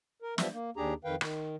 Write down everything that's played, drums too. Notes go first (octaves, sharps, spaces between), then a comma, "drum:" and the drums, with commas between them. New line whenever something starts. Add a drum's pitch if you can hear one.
A#4
F3 G3 B3 E5, drum: snare
A#3
D#2 D4 G4 G#4 A#5
F2 D#3 B4 F5 G5
D#3, drum: rim click